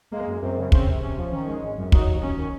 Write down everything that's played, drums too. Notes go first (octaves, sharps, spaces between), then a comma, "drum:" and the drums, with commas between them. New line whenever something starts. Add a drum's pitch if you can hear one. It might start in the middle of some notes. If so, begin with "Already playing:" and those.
G#3 A#3
F#2
F#2 C4
C#3
C4 C#4, drum: kick
C3
C3 C#4
F3
D#3 C#4
G#3
G#1
F#2
F#3 D#4, drum: kick
D#2
D#2 C#4
D#3